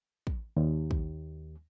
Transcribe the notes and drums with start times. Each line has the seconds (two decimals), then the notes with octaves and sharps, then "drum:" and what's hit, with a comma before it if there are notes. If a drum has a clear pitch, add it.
0.27 drum: kick
0.57 D#2
0.91 drum: kick